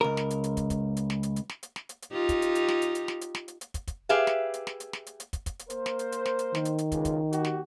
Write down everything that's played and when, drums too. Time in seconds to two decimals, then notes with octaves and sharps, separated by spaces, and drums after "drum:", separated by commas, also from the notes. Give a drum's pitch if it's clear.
0.01 C#2 A#4
0.17 drum: snare
0.30 drum: hi-hat
0.44 drum: hi-hat
0.57 drum: kick, hi-hat
0.70 drum: kick, hi-hat
0.97 drum: hi-hat
1.10 drum: snare
1.23 drum: hi-hat
1.36 drum: hi-hat
1.49 drum: snare
1.63 drum: hi-hat
1.76 drum: snare
1.89 drum: hi-hat
2.02 drum: hi-hat
2.12 D#4 F4 G4
2.29 drum: kick, hi-hat
2.42 drum: hi-hat
2.55 drum: hi-hat
2.68 drum: snare
2.82 drum: hi-hat
2.95 drum: hi-hat
3.08 drum: snare
3.21 drum: hi-hat
3.35 drum: snare
3.48 drum: hi-hat
3.61 drum: hi-hat
3.74 drum: kick, hi-hat
3.87 drum: kick, hi-hat
4.09 G4 G#4 B4 E5 F5
4.27 drum: snare
4.54 drum: hi-hat
4.67 drum: snare
4.80 drum: hi-hat
4.93 drum: snare
5.06 drum: hi-hat
5.20 drum: hi-hat
5.33 drum: kick, hi-hat
5.46 drum: kick, hi-hat
5.59 drum: hi-hat
5.70 A#3 A#4 C5, drum: hi-hat
5.86 drum: snare
5.99 drum: hi-hat
6.12 drum: hi-hat
6.25 drum: snare
6.39 drum: hi-hat
6.55 D#3, drum: snare
6.65 drum: hi-hat
6.78 drum: hi-hat
6.92 C#2 G#3, drum: kick, hi-hat
7.05 drum: kick, hi-hat
7.33 D#2 F#4 G4, drum: hi-hat
7.45 drum: snare